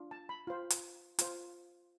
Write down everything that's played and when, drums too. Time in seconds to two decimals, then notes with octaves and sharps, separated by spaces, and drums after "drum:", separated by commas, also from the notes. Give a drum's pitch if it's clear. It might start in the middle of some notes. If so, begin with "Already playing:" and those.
Already playing: D4 F4
0.11 A5
0.29 B5
0.47 F4 C5
0.70 drum: hi-hat
1.19 F4 C5, drum: hi-hat